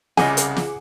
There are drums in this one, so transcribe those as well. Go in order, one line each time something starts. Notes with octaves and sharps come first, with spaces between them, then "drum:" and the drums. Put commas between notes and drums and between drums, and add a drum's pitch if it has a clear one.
C2 C#3 G#4 D#5 F#5 G#5 D6, drum: snare
drum: hi-hat
drum: snare